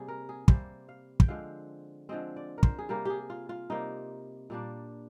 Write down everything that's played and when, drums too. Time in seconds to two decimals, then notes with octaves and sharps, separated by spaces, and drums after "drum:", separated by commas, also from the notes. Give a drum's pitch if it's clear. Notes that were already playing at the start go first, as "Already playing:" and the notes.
Already playing: C3 G3 A#3 G#4
0.08 A#4
0.29 G#4
0.48 C3 G3 A#3 C5, drum: kick
0.89 F5
1.20 G5, drum: kick
1.28 D3 F3 G#3 C4 F5
2.09 D3 F3 G#3 C4 D#5
2.36 D5
2.58 A#4
2.63 C5, drum: kick
2.79 G#4
2.89 C3 G3 A#3 A#4
3.05 G4 G#4
3.30 F4
3.49 F4
3.70 C3 G3 A#3 D#4
4.50 A#2 G3 A#3 D4